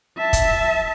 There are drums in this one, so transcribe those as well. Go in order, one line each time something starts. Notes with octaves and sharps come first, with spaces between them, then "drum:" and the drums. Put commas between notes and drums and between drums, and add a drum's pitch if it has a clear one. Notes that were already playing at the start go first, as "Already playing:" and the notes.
E5 A5
drum: kick, hi-hat